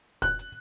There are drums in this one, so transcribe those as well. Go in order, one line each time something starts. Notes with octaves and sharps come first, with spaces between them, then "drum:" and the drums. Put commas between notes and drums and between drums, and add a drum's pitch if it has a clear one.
F#6, drum: kick
drum: hi-hat